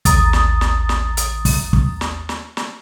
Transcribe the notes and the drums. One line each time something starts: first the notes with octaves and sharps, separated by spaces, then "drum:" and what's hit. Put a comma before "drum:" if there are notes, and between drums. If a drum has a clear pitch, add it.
A1 D#2 A#5 D#6 A6, drum: kick, hi-hat
drum: snare
drum: snare
drum: snare
drum: hi-hat
drum: kick, open hi-hat
drum: kick
drum: snare
drum: snare
drum: snare